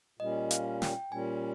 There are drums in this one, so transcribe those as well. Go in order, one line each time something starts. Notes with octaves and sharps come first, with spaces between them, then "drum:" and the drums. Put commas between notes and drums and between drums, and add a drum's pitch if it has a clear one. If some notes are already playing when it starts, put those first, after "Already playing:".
A#2 G3 C#4 D#5
F5, drum: hi-hat
G5, drum: snare
A#2 G3 C#4 G#5